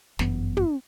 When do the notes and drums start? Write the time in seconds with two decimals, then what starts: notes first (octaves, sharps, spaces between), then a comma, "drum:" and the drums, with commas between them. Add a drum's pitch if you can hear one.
0.19 G1 F#2 E3 B3, drum: snare
0.57 drum: tom